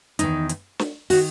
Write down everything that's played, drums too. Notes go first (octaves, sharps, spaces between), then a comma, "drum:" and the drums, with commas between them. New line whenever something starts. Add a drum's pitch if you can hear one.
E2 D#3 D#4, drum: hi-hat
drum: hi-hat
drum: snare
D#3 F#4, drum: open hi-hat